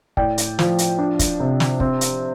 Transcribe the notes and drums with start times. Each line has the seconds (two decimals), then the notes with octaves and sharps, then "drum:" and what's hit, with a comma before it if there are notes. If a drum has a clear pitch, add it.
0.17 A2 D5 G5, drum: kick
0.38 drum: hi-hat
0.59 F3, drum: snare
0.78 drum: hi-hat
0.99 D4
1.19 drum: kick, hi-hat
1.40 C3
1.60 drum: snare
1.80 C4, drum: kick
2.01 drum: hi-hat